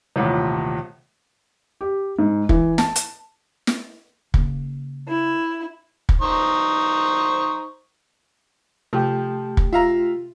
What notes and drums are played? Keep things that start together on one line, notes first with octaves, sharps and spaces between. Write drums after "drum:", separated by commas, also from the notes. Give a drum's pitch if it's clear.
D#1 A1 C3
G4
G#2
E3, drum: kick
A5, drum: snare
drum: hi-hat
drum: snare
C#3 A#3, drum: kick
E4
drum: kick
D#4 C5 C#6
C3 F3 A3 G4 G5
drum: kick
F4 E5 F5 A#5